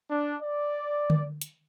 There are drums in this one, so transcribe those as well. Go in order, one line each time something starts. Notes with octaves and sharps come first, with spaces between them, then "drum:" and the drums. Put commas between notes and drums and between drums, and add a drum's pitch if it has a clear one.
D4
D5
drum: tom D3
drum: hi-hat